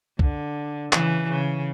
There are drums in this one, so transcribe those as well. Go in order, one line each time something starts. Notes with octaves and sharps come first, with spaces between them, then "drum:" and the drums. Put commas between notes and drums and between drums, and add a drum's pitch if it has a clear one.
D3, drum: kick
C#3 E3, drum: clap
C#3